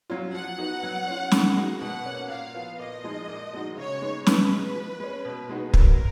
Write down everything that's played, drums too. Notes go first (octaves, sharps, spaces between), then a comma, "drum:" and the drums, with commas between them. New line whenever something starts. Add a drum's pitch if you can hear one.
F#3 C#4 F4
F3 F#5
B3 D#4 F#4
F#3
C#4 F4
D#3, drum: snare
G#3 D#4 F#4
B2 F#5
A#3 C#4
A#2 F5
F3 B3
A#2 D#5
F3 G#3 D#4
A#2
F3 G#3 D#4 F#4
C#3 C#5
G#3 B3 D#4
B2 B4, drum: snare
G#3 B3
F3
G#3 C#4
B2
G#3 B3 D#4 F#4
F#3 A#4, drum: kick